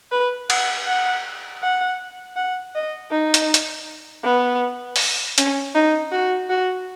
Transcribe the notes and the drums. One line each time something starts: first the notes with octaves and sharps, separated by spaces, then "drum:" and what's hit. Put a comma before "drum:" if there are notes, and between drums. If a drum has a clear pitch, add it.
B4
F#5, drum: cymbal
F#5
F#5
F#5
D#5
D#4
drum: hi-hat
drum: hi-hat
B3
drum: open hi-hat
C#4, drum: hi-hat
D#4
F#4
F#4